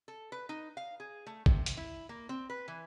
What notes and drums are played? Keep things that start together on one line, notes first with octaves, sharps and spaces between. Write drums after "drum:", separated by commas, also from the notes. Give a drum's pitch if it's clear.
A4
B4
D#4
F5
G#4
A3
C3, drum: kick
drum: hi-hat
E4
A#3
C4
B4
E3